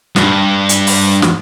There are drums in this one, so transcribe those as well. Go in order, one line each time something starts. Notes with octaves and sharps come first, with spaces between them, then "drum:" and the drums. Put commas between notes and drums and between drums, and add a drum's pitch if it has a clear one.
G2, drum: snare
drum: hi-hat
drum: open hi-hat
drum: snare